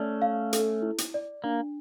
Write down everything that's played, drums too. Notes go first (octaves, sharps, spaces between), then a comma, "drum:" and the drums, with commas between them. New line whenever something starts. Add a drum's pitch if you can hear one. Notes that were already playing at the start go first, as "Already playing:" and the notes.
Already playing: A3 C#4 D5
F5
A4, drum: hi-hat
E4
drum: hi-hat
D5
A#3 D4